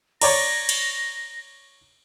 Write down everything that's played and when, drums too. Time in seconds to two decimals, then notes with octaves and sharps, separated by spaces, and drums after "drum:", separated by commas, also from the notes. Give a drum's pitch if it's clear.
0.21 C#5 D5 A#5 A#6, drum: cymbal
0.69 drum: cymbal